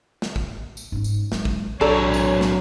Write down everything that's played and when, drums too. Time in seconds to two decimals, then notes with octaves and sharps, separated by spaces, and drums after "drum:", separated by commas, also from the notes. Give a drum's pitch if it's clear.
0.22 drum: snare
0.36 drum: kick
0.77 drum: tambourine
0.92 G#2 C#4
1.04 drum: tambourine
1.32 F#3 G#3, drum: snare
1.45 drum: kick
1.81 B1 F#3 D4 A4 C#5 D5 A#5
2.14 drum: tambourine
2.41 drum: snare